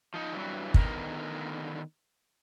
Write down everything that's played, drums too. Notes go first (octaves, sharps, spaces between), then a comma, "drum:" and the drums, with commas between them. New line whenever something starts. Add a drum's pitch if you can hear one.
F3 D#4
G2 E3 F#3
D3 D#3 B3 A#4, drum: kick